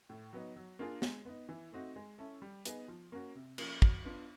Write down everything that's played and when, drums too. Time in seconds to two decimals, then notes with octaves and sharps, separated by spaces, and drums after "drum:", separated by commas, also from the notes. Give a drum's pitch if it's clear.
0.10 A2
0.33 F#3 B3 D#4
0.56 F#3
0.79 A#3 D4 F4 G#4
1.02 G#3, drum: snare
1.25 B3 D#4
1.49 E3
1.72 A3 C4 D#4 F#4
1.96 G#3
2.18 C#4 E4 A4
2.42 G3
2.65 B3 D#4 G#4, drum: hi-hat
2.88 F3
3.12 A#3 C#4 F#4
3.35 C3
3.58 F3 A#3 C#4, drum: cymbal
3.82 F#3, drum: kick
4.05 B3 D4 F4